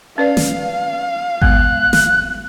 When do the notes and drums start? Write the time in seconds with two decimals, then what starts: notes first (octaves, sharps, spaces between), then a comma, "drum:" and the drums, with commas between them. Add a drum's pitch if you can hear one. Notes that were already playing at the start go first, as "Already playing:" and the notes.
0.18 C#4 B4 D5 F5
0.37 drum: snare
1.42 G#3 B3 F#6, drum: kick G#1
1.93 drum: snare